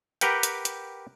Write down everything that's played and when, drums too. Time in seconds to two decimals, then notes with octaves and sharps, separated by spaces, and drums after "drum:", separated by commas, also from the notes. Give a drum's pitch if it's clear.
0.21 G4 A#4 B4 F#5 G5, drum: hi-hat
0.43 drum: hi-hat
0.65 drum: hi-hat